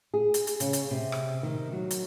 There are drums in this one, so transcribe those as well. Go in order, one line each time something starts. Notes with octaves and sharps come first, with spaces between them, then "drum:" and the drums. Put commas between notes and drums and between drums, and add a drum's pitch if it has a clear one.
G#4
drum: hi-hat
drum: hi-hat
C#3, drum: hi-hat
drum: hi-hat
C3
drum: rim click
D#3
F#3
drum: hi-hat